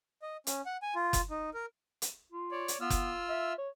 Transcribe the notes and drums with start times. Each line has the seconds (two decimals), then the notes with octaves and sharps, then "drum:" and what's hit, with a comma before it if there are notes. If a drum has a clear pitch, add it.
0.22 D#5
0.47 C#4, drum: hi-hat
0.66 F#5
0.82 G#5
0.95 F4
1.13 drum: kick F#1, hi-hat
1.30 D#4
1.54 A#4
2.02 drum: hi-hat
2.32 F4
2.52 C#5 D5
2.68 drum: hi-hat
2.81 B3 F4 E6 F6
2.90 drum: kick F#1, hi-hat
3.29 E5
3.58 C#5